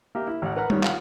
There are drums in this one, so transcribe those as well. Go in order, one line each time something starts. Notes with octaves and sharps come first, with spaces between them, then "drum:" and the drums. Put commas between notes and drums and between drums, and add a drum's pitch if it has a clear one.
A#3 G4 E5
E4
A1 F#5
A#4 B4 F#5 A#5 F6
D#3 G3 C#5, drum: tom G3
F4 F#5, drum: clap